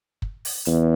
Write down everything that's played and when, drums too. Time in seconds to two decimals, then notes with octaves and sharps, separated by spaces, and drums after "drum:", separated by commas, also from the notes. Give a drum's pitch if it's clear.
0.22 drum: kick
0.45 drum: open hi-hat
0.65 E2, drum: hi-hat